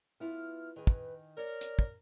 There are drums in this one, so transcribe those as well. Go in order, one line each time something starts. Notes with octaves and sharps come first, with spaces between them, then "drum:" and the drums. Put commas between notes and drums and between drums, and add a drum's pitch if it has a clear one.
B3 E4 F4 F6
D#3 G#4 B4
drum: kick
A#4 C#5 D5
drum: hi-hat
drum: kick